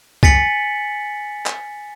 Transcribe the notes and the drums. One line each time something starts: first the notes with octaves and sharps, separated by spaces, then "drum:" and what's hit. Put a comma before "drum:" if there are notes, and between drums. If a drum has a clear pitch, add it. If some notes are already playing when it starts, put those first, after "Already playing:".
G#5 A6 B6 C#7 F#7, drum: kick C2
drum: clap